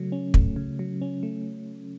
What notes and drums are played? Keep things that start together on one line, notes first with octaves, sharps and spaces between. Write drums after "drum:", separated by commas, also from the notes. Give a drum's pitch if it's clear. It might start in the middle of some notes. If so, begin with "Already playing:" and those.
Already playing: C#3 F#3 A3
C#4
A3, drum: kick
C#3
F#3
C#4
A3